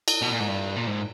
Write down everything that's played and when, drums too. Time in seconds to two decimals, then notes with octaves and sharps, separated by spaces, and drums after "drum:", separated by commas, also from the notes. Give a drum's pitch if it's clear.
0.08 drum: cymbal
0.21 B2
0.30 A#2
0.40 G#2
0.48 G2
0.76 A#2
0.87 G#2